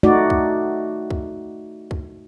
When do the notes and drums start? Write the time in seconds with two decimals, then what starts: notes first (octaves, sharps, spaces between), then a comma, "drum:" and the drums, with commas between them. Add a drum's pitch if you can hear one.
0.03 A3 D#4 F#4 D5
0.30 drum: kick
1.10 drum: kick
1.91 drum: kick